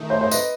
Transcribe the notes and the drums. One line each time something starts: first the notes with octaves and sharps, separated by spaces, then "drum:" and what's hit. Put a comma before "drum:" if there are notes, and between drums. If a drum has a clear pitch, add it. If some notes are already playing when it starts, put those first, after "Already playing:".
Already playing: D#3 A3 D#4
C5
C5
B4 D#5, drum: tambourine